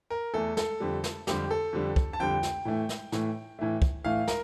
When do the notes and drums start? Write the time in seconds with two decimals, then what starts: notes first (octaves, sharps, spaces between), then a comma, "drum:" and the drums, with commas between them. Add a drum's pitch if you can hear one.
0.10 A#4
0.34 E2 E3 A3 A4
0.57 A4, drum: snare
0.80 F2 D3 G3
1.04 drum: snare
1.27 F2 D3 G3 G4, drum: snare
1.51 A4
1.73 F2 D3 G3
1.96 drum: kick
2.13 A5
2.19 F2 D3 G3 G5
2.43 drum: snare
2.65 A2 E3 A3
2.89 drum: snare
3.12 A2 E3 A3, drum: snare
3.59 A2 E3 A3
3.82 drum: kick
4.04 A2 E3 A3 F5
4.28 A#4, drum: snare